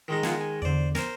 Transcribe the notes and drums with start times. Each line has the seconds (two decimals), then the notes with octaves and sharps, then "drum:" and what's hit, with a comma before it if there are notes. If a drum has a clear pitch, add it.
0.08 D#3 G#3 D#4
0.23 F4 G#4 F#5, drum: snare
0.41 G#5
0.62 E2 D3 C5 D5
0.95 A#4 C5, drum: snare